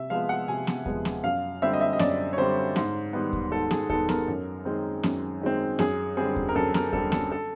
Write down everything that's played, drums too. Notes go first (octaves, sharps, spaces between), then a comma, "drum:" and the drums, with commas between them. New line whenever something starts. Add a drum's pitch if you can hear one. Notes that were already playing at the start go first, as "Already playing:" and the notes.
Already playing: C3 E5
F3 G#3 B3 F5
F#5
C3 G#5
drum: snare B3
F3 G#3 B3, drum: kick D#2
drum: snare B3
F#2 F5
D3 G3 C4 E5
D#5
E5
D#5
F#2 D5, drum: snare B3
C#5
D3 G3 C4 C5
G#2, drum: snare B3
D#3 G3 B3
drum: kick D#2
G#2 A4
G#4, drum: snare B3
D#3 G3 B3 A4, drum: kick D#2
A#4, drum: snare B3
F#2
D#3 G#3 C4
F#2, drum: snare B3
D#3 G#3 C4
F#2 G#4, drum: snare B3
D3 G3 C4 G#4
drum: kick D#2
A#4
F#2 A4
A#4, drum: snare B3
D3 G3 C4 A4, drum: kick D#2
A4, drum: snare B3
A4